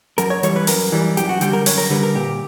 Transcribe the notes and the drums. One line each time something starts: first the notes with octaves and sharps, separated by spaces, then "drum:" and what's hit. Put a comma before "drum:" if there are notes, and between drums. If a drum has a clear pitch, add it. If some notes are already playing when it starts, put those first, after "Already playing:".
F#2 A#4, drum: hi-hat
C#5
E3 G3 C#5, drum: hi-hat
B4
F#2 A#4, drum: open hi-hat
E3 G3
F#2 G4, drum: hi-hat
F#4
D3 G3 G4, drum: hi-hat
A#4
F#2 C#5, drum: open hi-hat
A#4
D3 G3 B4
A#4
A#2 G4